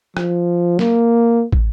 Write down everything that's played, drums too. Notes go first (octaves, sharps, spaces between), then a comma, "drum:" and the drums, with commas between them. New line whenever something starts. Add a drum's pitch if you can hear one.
F3, drum: rim click
A#3, drum: snare
drum: kick